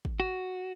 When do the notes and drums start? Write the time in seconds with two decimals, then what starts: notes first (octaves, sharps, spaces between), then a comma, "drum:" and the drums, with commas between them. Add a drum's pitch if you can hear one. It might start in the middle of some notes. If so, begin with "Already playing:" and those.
0.05 drum: kick
0.20 F#4